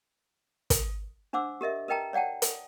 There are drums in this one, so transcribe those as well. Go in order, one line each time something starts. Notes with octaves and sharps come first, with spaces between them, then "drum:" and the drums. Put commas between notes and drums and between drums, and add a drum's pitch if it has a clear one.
drum: kick, hi-hat
D4 C5 F#5 D6 E6
G4 A#4 D#5 E5
A#4 B4 D#5 G5 A5 A#5
C#5 D5 F#5 G5 A5
drum: hi-hat